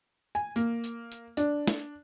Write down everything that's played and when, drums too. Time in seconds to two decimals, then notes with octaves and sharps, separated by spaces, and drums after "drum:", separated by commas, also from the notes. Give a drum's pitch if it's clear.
0.35 G#5
0.56 A#3, drum: tambourine
0.84 drum: tambourine
1.12 drum: tambourine
1.37 D4, drum: tambourine
1.67 drum: snare